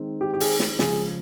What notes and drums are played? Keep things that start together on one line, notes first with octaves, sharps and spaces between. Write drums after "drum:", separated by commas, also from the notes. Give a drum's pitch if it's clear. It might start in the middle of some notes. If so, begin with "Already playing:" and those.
Already playing: D#3 G#3 C4
G4
G4
G#4, drum: open hi-hat
drum: snare
C#3 F3 G#3 G#4, drum: snare